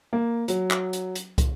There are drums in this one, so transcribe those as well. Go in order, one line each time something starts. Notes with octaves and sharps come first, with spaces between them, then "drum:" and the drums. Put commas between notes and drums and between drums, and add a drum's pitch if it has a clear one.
A#3
F#3, drum: hi-hat
drum: clap
drum: hi-hat
drum: hi-hat
drum: kick, hi-hat